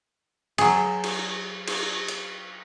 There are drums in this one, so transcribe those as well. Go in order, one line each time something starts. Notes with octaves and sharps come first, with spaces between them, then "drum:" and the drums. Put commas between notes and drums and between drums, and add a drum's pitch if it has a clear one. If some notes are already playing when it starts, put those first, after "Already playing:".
F#3 G#4, drum: cymbal
drum: cymbal
drum: cymbal
drum: hi-hat